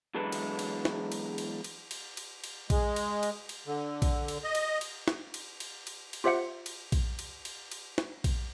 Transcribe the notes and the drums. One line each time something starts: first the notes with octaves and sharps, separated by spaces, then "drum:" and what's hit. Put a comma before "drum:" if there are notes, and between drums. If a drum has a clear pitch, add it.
E2 F#3 G#3 D4 A4 B4
drum: cymbal
drum: cymbal
drum: snare
drum: cymbal
drum: cymbal
drum: cymbal
drum: cymbal
drum: cymbal
drum: cymbal
G#3, drum: kick A#1, cymbal
drum: cymbal
drum: cymbal
drum: cymbal
D3
drum: kick A#1, cymbal
drum: cymbal
D#5
drum: cymbal
drum: cymbal
drum: snare
drum: cymbal
drum: cymbal
drum: cymbal
drum: cymbal
F4 G4 C5 E5 F#5 C#7
drum: cymbal
drum: kick A#1, cymbal
drum: cymbal
drum: cymbal
drum: cymbal
drum: snare
drum: kick A#1, cymbal